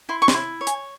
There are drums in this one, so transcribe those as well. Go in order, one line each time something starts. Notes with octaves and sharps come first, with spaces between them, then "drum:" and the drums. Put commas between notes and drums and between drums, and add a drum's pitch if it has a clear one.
E4 C6
C#6
C6, drum: snare
E4
C#5
G#5, drum: hi-hat